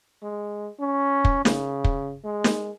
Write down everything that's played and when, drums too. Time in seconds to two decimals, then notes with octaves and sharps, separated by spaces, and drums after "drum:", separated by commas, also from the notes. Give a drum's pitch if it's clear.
0.23 G#3
0.80 C#4
1.25 drum: kick
1.45 C#3, drum: snare
1.84 drum: kick
2.24 G#3
2.44 drum: snare